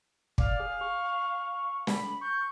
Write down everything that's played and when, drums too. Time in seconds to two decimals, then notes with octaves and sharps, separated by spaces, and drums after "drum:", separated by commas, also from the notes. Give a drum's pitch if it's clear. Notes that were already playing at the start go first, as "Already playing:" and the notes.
0.38 D5 F5, drum: kick
0.60 G#4
0.81 C#6
1.87 B5, drum: snare
2.21 C#6 G6